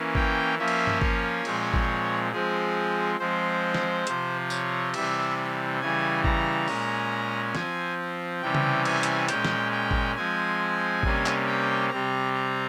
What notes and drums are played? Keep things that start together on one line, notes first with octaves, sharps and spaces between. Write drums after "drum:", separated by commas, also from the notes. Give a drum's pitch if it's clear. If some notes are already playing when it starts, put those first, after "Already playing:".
Already playing: E3 A#3 C#4
G5, drum: kick
F3 A#3 C#4 E5
drum: cymbal
drum: tom G2
C#5, drum: kick
A#2 F3 G#3 C4, drum: cymbal
drum: kick
F3 G#3 C4 G#4
F3 G#3 C4 C5
drum: snare
C3 F3 C4, drum: hi-hat
C#5, drum: tambourine
C3 E3 G3 E5, drum: cymbal
C#3 E3 G3 G#5
A#5, drum: kick
A#2 G#3 C#4, drum: open hi-hat
F3 C4 G#5, drum: snare
C3 E3 G3 C#4 G5
drum: tom C#3
G#5, drum: cymbal
drum: hi-hat
A#2 G#3 C#4 G5, drum: hi-hat
drum: snare
G5
drum: kick
F3 G#3 C4 G#5
C3 G3 A#3 C#4, drum: kick
drum: clap
G5
C3 G3 C4 A#5
A#5